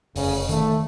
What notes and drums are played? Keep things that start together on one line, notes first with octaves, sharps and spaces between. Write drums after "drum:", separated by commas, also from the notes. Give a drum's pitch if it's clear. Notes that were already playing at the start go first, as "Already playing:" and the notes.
F1 C#3, drum: open hi-hat
D#3 A3, drum: hi-hat